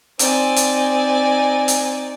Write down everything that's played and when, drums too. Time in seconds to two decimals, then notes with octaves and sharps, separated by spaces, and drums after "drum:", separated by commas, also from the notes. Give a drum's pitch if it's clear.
0.19 C4 D#4 D5 G#5, drum: hi-hat
0.56 drum: hi-hat
1.68 drum: hi-hat